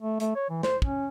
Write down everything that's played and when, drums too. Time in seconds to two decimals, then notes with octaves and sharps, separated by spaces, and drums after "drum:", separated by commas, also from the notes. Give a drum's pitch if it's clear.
0.01 A3
0.20 A3, drum: hi-hat
0.35 C#5
0.50 E3
0.63 C5, drum: snare
0.82 C#4, drum: kick